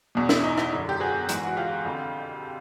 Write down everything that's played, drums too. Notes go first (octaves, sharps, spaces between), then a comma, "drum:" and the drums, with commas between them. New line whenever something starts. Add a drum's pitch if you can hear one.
E2 B2
E4, drum: snare
D#4
E4, drum: rim click
F#2 D3
G4
F#4 G#4
G#2 E3, drum: hi-hat
F#4
F4 G4
F2 D3